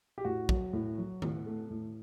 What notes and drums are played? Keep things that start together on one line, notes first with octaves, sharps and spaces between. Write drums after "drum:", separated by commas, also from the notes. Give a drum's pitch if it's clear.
G4
A2 F#4
F#3, drum: kick
A2
F#3
A2, drum: tom D#3
A3
A2